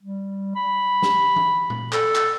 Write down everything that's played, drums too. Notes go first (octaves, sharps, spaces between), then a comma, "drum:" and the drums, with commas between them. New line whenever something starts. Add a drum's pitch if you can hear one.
G3
B5
drum: snare
drum: tom E3
drum: tom A#2
A4, drum: clap
drum: clap